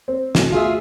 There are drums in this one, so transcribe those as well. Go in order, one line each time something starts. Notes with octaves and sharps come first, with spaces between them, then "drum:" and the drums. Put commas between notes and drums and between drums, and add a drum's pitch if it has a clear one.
C4
D2 B2, drum: snare
F4 G#4 E5